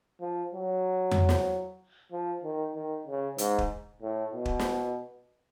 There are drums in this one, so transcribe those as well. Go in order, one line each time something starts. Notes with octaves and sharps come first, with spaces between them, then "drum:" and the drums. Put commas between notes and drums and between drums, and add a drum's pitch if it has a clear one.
F3
F#3
drum: tom F2
drum: snare
F3
D#3
D#3
C#3
G#2, drum: hi-hat
drum: kick
A2
B2
drum: kick
drum: snare